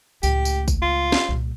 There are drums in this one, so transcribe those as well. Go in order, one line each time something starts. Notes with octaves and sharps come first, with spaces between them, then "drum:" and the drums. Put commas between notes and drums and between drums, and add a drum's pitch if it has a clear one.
C#2 A2 G4, drum: tambourine
drum: tambourine
drum: kick, tambourine
F4
drum: snare
C2 A#2